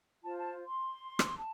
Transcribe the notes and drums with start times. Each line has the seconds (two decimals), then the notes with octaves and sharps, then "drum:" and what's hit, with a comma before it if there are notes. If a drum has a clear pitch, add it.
0.24 F4 C5 A5
0.38 A5
0.66 C6
1.19 drum: rim click
1.38 A5